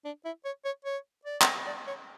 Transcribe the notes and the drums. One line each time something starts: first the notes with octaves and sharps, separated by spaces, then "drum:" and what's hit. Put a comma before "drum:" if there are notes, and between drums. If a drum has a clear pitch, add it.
D4
E4
C#5
C#5
C#5
D5
drum: clap
D5
C#5